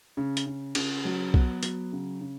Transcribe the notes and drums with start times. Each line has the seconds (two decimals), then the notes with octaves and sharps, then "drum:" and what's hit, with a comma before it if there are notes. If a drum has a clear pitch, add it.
0.17 C#3
0.37 drum: hi-hat
0.46 C#3
0.75 C#3, drum: cymbal
1.05 F#3
1.34 B3, drum: kick B1
1.63 F#3, drum: hi-hat
1.92 C#3
2.21 C#3